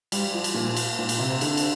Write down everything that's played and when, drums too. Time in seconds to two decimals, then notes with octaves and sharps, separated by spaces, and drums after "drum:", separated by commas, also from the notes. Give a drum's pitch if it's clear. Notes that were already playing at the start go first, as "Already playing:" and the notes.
0.12 G3, drum: cymbal
0.34 F3
0.44 drum: cymbal
0.54 A#2
0.77 drum: cymbal
0.99 A#2
1.09 drum: cymbal
1.19 C3
1.41 D3, drum: cymbal
1.57 drum: cymbal